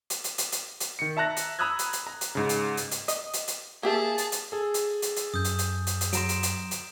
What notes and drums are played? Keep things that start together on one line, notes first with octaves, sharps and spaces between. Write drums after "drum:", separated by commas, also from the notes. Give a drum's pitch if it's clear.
drum: hi-hat
drum: hi-hat
drum: hi-hat
drum: hi-hat
drum: hi-hat
D#3 C#7
E5 A5 A#5 F#6 A#6
drum: hi-hat
A#5 B5 D#6 E6 F#6 G#6
drum: hi-hat
drum: hi-hat
A#5
drum: hi-hat
G#2 C#3
drum: hi-hat
drum: hi-hat
drum: hi-hat
D#5, drum: hi-hat
drum: hi-hat
drum: hi-hat
A#3 G4 G#4 E5 A5
drum: hi-hat
drum: hi-hat
G#4 A4
drum: hi-hat
drum: hi-hat
drum: hi-hat
F#2 D#6 G6
drum: hi-hat
drum: hi-hat
drum: hi-hat
drum: hi-hat
F#3 A#5 C6 D7 E7, drum: hi-hat
drum: hi-hat
drum: hi-hat
drum: hi-hat